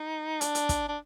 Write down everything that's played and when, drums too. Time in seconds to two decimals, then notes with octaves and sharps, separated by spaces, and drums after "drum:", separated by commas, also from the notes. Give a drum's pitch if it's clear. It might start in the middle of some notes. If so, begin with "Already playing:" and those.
Already playing: D#4
0.41 D4, drum: hi-hat
0.55 drum: hi-hat
0.69 drum: kick, hi-hat
0.89 D4